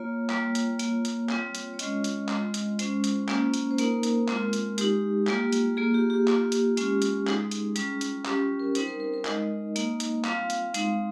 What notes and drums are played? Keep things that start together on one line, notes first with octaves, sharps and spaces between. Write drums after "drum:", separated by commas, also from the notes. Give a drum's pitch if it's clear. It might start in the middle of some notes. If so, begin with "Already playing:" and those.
Already playing: A#3 F4 C#5
G3 A#3 F4, drum: clap
drum: hi-hat
A#3, drum: hi-hat
F4
drum: hi-hat
G3 C4 F4, drum: clap
drum: hi-hat
C#5
G#3 C#4 F4 D#5, drum: hi-hat
drum: hi-hat
G#3 C4 F4, drum: clap
drum: hi-hat
G#3 C#4 F4 C5, drum: hi-hat
drum: hi-hat
A#3 C#4 F4, drum: clap
drum: hi-hat
C5
A#3 D#4 A#4, drum: hi-hat
drum: hi-hat
G#3 C4 F4, drum: clap
drum: hi-hat
G#3 D#4 G4, drum: hi-hat
G3 A#3 F4, drum: clap
drum: hi-hat
A#3 F4 G#4
G4
G4
A#3 F4, drum: clap
drum: hi-hat
G#3 C#4 F4, drum: hi-hat
drum: hi-hat
G#3 D#4 G#4, drum: clap
drum: hi-hat
G3 C#4 F4, drum: hi-hat
drum: hi-hat
G3 C#4 F4 G4, drum: clap
A#4
G3 C4 D#4 C5, drum: hi-hat
A#4
A#4
A#4
G#3 D#4 D#5, drum: clap
A#3 D#4, drum: hi-hat
drum: hi-hat
G3 C4 F4 F5, drum: clap
drum: hi-hat
G#3 C4 D#4, drum: hi-hat